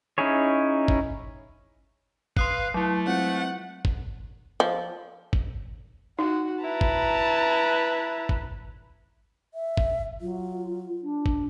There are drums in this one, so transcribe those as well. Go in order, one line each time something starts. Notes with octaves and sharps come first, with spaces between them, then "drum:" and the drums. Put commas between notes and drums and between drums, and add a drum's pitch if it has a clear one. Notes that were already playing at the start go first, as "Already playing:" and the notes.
C#4 D#4 E4 G#4 C#5
drum: kick
B4 F5 C6 D#6 C7, drum: kick
F#3 A3 E4
G#3 C4 F4 F#5
drum: kick
F3
drum: kick
D#4 F#4
E4 B4 A5 A#5
drum: kick
drum: kick
E5
drum: kick
F#3 F4
D4
drum: kick